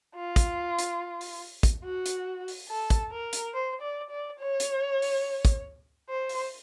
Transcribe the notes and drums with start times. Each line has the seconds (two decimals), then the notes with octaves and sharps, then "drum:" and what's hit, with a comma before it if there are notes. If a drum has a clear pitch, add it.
0.15 F4
0.36 drum: kick, hi-hat
0.79 drum: hi-hat
1.21 drum: open hi-hat
1.63 drum: kick, hi-hat
1.84 F#4
2.06 drum: hi-hat
2.48 drum: open hi-hat
2.69 A4
2.90 drum: kick, hi-hat
3.11 A#4
3.33 drum: hi-hat
3.54 C5
3.82 D5
4.10 D5
4.39 C#5
4.60 drum: hi-hat
5.02 drum: open hi-hat
5.45 drum: kick, hi-hat
6.09 C5
6.29 drum: open hi-hat